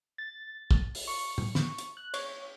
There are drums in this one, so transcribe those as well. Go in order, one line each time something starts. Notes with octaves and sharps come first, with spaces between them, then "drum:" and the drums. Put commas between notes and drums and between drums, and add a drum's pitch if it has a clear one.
A6
drum: kick
drum: open hi-hat
C#6
drum: tom
drum: snare
drum: hi-hat
F#6
C#5, drum: cymbal